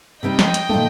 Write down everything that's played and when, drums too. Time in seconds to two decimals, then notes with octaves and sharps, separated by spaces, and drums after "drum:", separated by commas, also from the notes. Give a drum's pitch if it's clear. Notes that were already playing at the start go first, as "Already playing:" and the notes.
0.23 C3 G3 C4 D#4 D#5 G5
0.39 drum: snare
0.54 drum: hi-hat
0.69 A#2 A3 D#4 A4, drum: tom